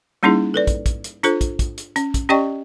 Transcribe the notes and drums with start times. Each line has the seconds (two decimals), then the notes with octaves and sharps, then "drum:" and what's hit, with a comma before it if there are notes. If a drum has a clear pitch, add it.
0.23 G3 A#3 C#4 D#4 E4 G#4
0.54 A4 B4 D5
0.67 drum: kick, hi-hat
0.86 drum: kick, hi-hat
1.04 drum: hi-hat
1.23 D4 F4 A4 C5, drum: hi-hat
1.41 drum: kick, hi-hat
1.59 drum: kick, hi-hat
1.78 drum: hi-hat
1.96 C#4, drum: hi-hat
2.14 drum: kick, hi-hat
2.29 C#4 G4 D5 D#5 G5 C#6